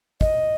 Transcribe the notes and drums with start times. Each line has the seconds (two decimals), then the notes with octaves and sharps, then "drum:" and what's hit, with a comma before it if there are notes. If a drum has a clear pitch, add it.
0.21 D#5, drum: kick